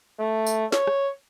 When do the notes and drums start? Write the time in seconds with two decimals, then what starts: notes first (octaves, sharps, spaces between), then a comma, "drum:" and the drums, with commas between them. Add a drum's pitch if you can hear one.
0.20 A3
0.47 drum: tambourine
0.72 C#5, drum: snare
0.87 drum: rim click